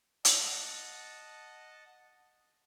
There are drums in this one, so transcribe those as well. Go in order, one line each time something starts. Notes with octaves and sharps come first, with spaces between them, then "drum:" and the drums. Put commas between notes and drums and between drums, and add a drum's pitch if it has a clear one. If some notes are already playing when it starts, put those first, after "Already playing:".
D#5 F#5 A5, drum: hi-hat